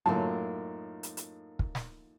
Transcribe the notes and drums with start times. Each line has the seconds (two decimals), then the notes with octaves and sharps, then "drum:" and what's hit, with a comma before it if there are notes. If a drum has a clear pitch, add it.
0.06 F#2 A2 F#3 A#3 D#4 F4 A5
1.03 drum: hi-hat
1.17 drum: hi-hat
1.59 drum: kick
1.75 drum: snare